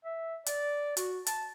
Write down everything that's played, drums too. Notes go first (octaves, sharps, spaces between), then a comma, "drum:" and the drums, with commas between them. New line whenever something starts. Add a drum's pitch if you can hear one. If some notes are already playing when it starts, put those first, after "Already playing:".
E5
D5, drum: hi-hat
F#4, drum: hi-hat
A5, drum: hi-hat